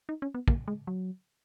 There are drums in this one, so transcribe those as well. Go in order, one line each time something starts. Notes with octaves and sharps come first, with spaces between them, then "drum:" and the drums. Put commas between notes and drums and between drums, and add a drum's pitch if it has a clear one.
D#4
C#4
B3
A#3, drum: kick
G#3
F#3